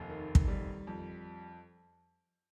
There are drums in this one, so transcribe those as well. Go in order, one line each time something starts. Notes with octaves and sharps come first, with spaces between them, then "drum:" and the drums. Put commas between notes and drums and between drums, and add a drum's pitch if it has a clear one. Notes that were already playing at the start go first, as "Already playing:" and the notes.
Already playing: F1 D#2
D#3
drum: kick
G3
F2